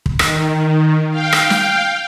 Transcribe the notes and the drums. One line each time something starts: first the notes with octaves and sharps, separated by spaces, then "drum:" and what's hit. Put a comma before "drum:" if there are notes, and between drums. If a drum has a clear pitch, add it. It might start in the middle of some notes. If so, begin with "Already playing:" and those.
drum: kick
D#3, drum: rim click
F5 G5
drum: rim click
drum: snare